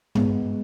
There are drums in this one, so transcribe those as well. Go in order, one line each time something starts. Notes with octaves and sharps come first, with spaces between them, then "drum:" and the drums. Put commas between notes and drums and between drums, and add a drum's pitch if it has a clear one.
G#3 B3, drum: tom G2